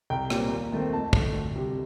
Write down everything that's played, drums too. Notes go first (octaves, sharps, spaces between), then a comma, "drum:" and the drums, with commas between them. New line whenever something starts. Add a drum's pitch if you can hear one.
C2 G5
A#2 G3 C4, drum: rim click
D#2
D#3 A3 C4
F2 A5
D3 A3, drum: kick
D2
C3 G3